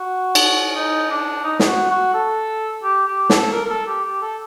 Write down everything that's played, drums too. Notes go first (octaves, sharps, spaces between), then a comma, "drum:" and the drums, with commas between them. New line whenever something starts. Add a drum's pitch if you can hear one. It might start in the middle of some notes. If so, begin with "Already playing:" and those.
Already playing: F#4
drum: cymbal
D#4
D4
D#4
D#4, drum: snare
F#4
F#4
A4
G4
G4
A4, drum: snare
A#4
A#4
A4
G4
G4
A4